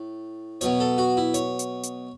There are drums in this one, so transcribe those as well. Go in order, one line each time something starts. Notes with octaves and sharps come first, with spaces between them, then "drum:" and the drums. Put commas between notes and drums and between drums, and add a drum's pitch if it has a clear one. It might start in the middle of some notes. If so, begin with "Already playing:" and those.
Already playing: A2
B2 F#3 B3 C#5, drum: hi-hat
A4
F#4
E4
C#5, drum: hi-hat
drum: hi-hat
drum: hi-hat